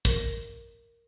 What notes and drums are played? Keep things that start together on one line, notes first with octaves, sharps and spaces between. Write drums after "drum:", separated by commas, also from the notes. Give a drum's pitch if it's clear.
A#4, drum: kick